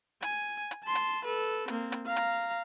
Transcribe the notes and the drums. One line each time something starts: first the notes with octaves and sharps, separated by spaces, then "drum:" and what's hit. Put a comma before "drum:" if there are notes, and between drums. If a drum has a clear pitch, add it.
G#5, drum: hi-hat
drum: hi-hat
A5 C6
drum: hi-hat
A4 B4
A#3 C4, drum: hi-hat
drum: hi-hat
F5 A#5
drum: hi-hat